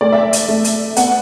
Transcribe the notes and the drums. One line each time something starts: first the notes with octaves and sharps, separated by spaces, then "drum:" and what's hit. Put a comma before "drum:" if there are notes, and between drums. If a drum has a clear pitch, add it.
A3 D5
E5
D5
drum: hi-hat
A3
drum: hi-hat
B3 F#5, drum: hi-hat